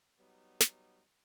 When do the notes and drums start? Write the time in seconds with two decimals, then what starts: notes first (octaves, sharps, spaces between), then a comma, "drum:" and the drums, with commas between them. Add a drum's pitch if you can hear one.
0.19 F#3 G3 B3 D#4
0.61 drum: snare